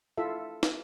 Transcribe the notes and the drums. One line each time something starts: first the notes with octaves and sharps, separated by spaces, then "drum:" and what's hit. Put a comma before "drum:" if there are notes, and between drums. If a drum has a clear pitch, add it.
E4 F4 A4 E5
drum: snare